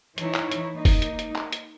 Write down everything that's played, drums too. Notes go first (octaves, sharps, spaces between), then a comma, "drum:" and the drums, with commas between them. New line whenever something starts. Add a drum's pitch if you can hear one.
E3 D#4 E4 C#5, drum: hi-hat
drum: clap
drum: hi-hat
A#3 D#4
drum: kick, open hi-hat
drum: hi-hat
drum: hi-hat
drum: clap
drum: hi-hat